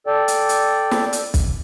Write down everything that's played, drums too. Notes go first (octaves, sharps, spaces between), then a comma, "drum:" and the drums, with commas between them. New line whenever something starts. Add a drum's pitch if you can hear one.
A4 D5 G5
drum: hi-hat
drum: hi-hat
drum: snare
drum: hi-hat
drum: kick, hi-hat